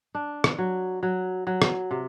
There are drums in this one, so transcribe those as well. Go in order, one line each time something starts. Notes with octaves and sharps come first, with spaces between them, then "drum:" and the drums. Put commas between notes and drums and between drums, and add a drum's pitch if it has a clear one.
D4
drum: rim click
F#3
F#3
F#3
drum: rim click
C3